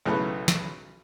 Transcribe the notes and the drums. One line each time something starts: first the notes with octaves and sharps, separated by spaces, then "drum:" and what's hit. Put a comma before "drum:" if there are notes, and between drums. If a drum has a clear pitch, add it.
B1 C#3 E3 A3 B3
drum: snare